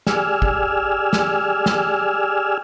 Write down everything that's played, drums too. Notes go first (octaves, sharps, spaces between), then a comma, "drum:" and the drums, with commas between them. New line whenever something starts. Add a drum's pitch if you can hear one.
G4 G#4 D5 G#5 E6 F6, drum: snare
drum: kick
drum: snare
drum: snare